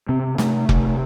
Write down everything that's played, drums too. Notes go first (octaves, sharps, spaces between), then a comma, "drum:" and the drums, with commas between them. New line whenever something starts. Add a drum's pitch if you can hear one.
C3 C4
C3 A3, drum: snare
C3, drum: kick F1